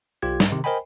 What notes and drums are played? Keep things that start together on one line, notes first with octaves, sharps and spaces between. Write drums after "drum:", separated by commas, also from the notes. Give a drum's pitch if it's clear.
B1 F4 G4 G#6
G#2, drum: snare
C3 D#3
A#4 C5 D#5 G5 G#5 B5